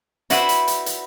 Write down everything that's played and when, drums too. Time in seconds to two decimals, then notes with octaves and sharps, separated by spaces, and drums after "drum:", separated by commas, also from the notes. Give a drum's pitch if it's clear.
0.30 E4 F#4 B4 C5 D5 F#5, drum: hi-hat
0.49 drum: hi-hat
0.68 drum: hi-hat
0.86 drum: hi-hat